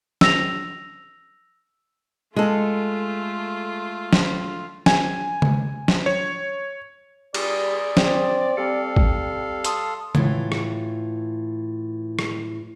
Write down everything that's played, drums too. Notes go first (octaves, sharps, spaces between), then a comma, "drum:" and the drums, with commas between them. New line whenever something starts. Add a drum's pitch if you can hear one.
E6 A#6 F7, drum: snare
G#3 A3 F4 A4
drum: snare
G#5, drum: snare
drum: tom C#3
drum: snare
C#5
G3 G#4 D5, drum: cymbal
C4, drum: snare
G3 C4 A4 F5 C#7
drum: kick A1
A5 C6 D#6, drum: hi-hat
A2 E3 F4, drum: tom C#3
drum: rim click
drum: rim click